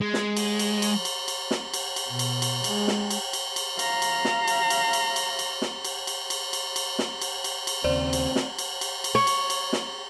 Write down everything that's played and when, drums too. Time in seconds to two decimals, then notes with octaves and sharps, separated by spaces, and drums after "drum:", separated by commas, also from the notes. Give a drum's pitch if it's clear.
0.01 G#3
0.14 drum: snare
0.37 drum: cymbal
0.59 drum: cymbal
0.82 drum: cymbal
1.05 drum: cymbal
1.28 drum: cymbal
1.51 drum: snare
1.74 drum: cymbal
1.96 drum: cymbal
2.08 B2
2.19 drum: cymbal
2.42 drum: cymbal
2.64 G#3, drum: cymbal
2.88 drum: snare
3.11 drum: cymbal
3.33 drum: cymbal
3.56 drum: cymbal
3.79 F5 A#5, drum: cymbal
4.02 drum: cymbal
4.25 drum: snare
4.48 drum: cymbal
4.70 drum: cymbal
4.93 drum: cymbal
5.16 drum: cymbal
5.39 drum: cymbal
5.62 drum: snare
5.84 drum: cymbal
6.07 drum: cymbal
6.30 drum: cymbal
6.53 drum: cymbal
6.76 drum: cymbal
6.99 drum: snare
7.21 drum: cymbal
7.44 drum: cymbal
7.67 drum: cymbal
7.84 D#2 C#3 C4 C5 D5 C6
8.13 drum: cymbal
8.36 drum: snare
8.58 drum: cymbal
8.81 drum: cymbal
9.04 drum: cymbal
9.15 C#5
9.27 drum: cymbal
9.50 drum: cymbal
9.73 drum: snare